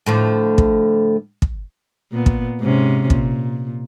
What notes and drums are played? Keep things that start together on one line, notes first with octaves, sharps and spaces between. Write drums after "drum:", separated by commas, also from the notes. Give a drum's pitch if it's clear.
A2 D3 F3
drum: kick
drum: kick
A#2 B3
drum: kick
G#2 C3 C#4
A#2, drum: kick